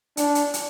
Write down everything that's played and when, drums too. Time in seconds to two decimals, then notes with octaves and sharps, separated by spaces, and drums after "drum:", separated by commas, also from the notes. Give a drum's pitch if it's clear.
0.17 D4, drum: hi-hat
0.35 drum: hi-hat
0.54 drum: hi-hat